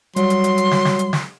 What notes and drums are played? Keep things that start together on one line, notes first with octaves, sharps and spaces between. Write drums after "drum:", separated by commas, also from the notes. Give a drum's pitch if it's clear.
F#3 G3 C6, drum: hi-hat
drum: hi-hat
drum: hi-hat
drum: hi-hat
drum: snare
drum: snare
drum: hi-hat
drum: snare